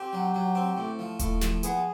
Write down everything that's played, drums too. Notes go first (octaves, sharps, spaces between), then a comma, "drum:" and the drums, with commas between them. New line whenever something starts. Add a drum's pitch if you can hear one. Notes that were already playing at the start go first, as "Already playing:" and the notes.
Already playing: C4 G4
F#3
F#3
C4
A2
F3
A2, drum: kick D#1, hi-hat
F3, drum: snare
B3 G#4, drum: hi-hat